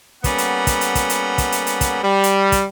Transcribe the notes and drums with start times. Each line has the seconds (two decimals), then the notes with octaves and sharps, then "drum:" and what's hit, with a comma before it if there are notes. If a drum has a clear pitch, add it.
0.24 G3 A#3 B3 C#4 A4 F#5, drum: kick, hi-hat
0.38 drum: hi-hat
0.67 drum: kick, hi-hat
0.81 drum: hi-hat
0.95 drum: kick, hi-hat
1.10 drum: hi-hat
1.38 drum: kick, hi-hat
1.52 drum: hi-hat
1.67 drum: hi-hat
1.81 drum: kick, hi-hat
2.03 G3
2.24 drum: hi-hat
2.52 drum: kick, hi-hat